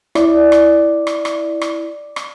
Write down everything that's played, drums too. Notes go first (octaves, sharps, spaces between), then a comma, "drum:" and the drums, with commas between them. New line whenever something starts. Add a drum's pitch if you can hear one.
E4 D5, drum: rim click
drum: rim click
drum: rim click
drum: rim click
drum: rim click
drum: rim click